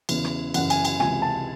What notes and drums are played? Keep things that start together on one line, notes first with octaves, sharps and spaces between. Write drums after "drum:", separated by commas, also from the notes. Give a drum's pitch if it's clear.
E2 C#3 E3, drum: cymbal
drum: rim click
F#2 C#3 E3 F#5, drum: cymbal
G#5, drum: cymbal
G#5, drum: cymbal
C#2 C3 E3 G#5, drum: rim click
A5